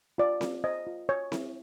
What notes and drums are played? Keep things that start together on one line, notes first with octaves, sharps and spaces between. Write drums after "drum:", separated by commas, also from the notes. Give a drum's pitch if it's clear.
F4 D5
F4, drum: snare C4
C5 D#5
F4
C#5
E4, drum: snare C4